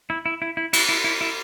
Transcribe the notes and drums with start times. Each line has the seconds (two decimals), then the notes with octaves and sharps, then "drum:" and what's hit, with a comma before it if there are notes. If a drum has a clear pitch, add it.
0.10 E4
0.26 E4
0.42 E4
0.57 E4
0.73 E4, drum: cymbal
0.89 E4
1.04 E4
1.21 E4